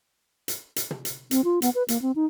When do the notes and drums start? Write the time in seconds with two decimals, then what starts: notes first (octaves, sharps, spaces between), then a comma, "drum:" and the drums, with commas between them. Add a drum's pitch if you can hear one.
0.48 drum: hi-hat
0.76 drum: hi-hat
0.91 drum: tom
1.05 drum: hi-hat
1.31 C4, drum: hi-hat
1.44 F4
1.62 B3, drum: hi-hat
1.75 B4
1.88 A#3, drum: hi-hat
2.02 C4
2.16 D#4